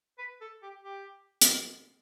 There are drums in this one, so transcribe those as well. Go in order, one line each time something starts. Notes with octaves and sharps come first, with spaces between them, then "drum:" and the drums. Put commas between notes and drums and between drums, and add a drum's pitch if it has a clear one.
B4
A4
G4
G4
drum: hi-hat